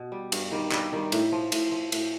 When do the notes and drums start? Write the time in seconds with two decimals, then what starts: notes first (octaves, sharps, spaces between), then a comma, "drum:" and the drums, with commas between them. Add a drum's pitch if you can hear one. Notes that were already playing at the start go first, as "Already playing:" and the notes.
Already playing: B2
0.12 G3
0.32 G2, drum: cymbal
0.51 D#3 G3
0.72 G2 G3, drum: clap
0.92 D#3 G3
1.12 A2, drum: cymbal
1.32 F3
1.52 A2, drum: cymbal
1.71 F3
1.92 A2, drum: cymbal